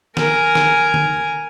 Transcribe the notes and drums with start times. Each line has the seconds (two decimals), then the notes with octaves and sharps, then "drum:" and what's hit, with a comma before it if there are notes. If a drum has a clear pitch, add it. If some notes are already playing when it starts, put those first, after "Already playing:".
0.17 A#4 G#5, drum: snare
0.55 drum: snare
0.94 drum: tom